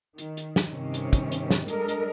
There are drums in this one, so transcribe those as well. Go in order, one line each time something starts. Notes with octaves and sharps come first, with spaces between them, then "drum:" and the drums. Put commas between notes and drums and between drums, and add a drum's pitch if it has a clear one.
D#3, drum: hi-hat
drum: hi-hat
drum: snare
G2 C3 D#3 C4 C#4
drum: hi-hat
drum: kick, hi-hat
drum: hi-hat
drum: snare
G3 G#3 D4 A4 A#4 D#5, drum: hi-hat
drum: hi-hat